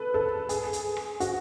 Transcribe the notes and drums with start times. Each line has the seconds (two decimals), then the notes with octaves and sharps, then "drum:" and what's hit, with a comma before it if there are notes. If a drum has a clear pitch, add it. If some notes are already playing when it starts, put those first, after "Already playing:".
Already playing: A4 B4
0.14 A4
0.49 G#4, drum: hi-hat
0.73 drum: hi-hat
0.97 drum: rim click
1.20 F#4, drum: hi-hat